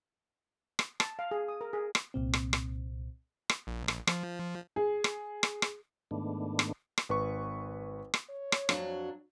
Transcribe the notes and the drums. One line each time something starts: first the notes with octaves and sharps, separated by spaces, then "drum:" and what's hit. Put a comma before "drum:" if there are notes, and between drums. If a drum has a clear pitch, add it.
drum: rim click
A5, drum: rim click
F5
G#4
D#6
A#4
G#4
drum: rim click
C2 A#2 C4
drum: rim click
drum: rim click
drum: rim click
A#1
drum: rim click
F3, drum: rim click
G#4
drum: rim click
drum: rim click
drum: rim click
G#2 D#3 A3 B3 D4
drum: rim click
drum: rim click
G#1 B4 C#6
drum: rim click
C#5
drum: rim click
F2 F#3 D4, drum: rim click